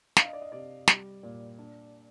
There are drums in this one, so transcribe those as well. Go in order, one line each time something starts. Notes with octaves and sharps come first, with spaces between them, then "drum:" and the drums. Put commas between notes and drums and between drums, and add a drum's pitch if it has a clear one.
D4 F5, drum: snare
D#5
D5
D#5
C3 D5
G3, drum: snare
A#2
D4